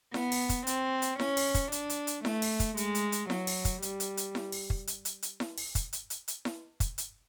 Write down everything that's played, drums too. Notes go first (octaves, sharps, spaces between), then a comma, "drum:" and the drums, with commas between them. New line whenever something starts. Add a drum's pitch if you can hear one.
B3, drum: snare E4
drum: open hi-hat
drum: kick, hi-hat
C4, drum: hi-hat
drum: hi-hat
C#4, drum: snare E4
drum: open hi-hat
drum: kick, hi-hat
D4, drum: hi-hat
drum: hi-hat
drum: hi-hat
A3, drum: snare E4
drum: open hi-hat
drum: kick, hi-hat
G#3, drum: hi-hat
drum: hi-hat
drum: hi-hat
F#3, drum: snare E4
drum: open hi-hat
drum: kick, hi-hat
G3, drum: hi-hat
drum: hi-hat
drum: hi-hat
drum: snare E4
drum: open hi-hat
drum: kick
drum: hi-hat
drum: hi-hat
drum: hi-hat
drum: snare E4
drum: open hi-hat
drum: kick, hi-hat
drum: hi-hat
drum: hi-hat
drum: hi-hat
drum: snare E4
drum: kick, hi-hat
drum: hi-hat